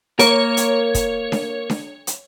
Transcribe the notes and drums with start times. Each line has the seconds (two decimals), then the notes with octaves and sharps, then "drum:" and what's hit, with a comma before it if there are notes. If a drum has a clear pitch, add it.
0.19 A#3 A#4 C#5, drum: hi-hat
0.57 drum: hi-hat
0.94 drum: kick, hi-hat
1.32 drum: snare D4
1.70 drum: snare D4
2.07 drum: hi-hat